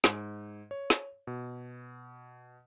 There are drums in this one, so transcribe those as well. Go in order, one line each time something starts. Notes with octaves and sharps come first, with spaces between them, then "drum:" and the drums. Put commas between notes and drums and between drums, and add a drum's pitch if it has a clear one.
G#2, drum: snare
C#5
drum: snare
B2